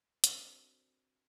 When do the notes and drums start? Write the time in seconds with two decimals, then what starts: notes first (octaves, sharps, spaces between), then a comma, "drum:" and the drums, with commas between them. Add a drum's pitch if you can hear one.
0.24 C4 D4 F#4 A4 A#4 D5, drum: hi-hat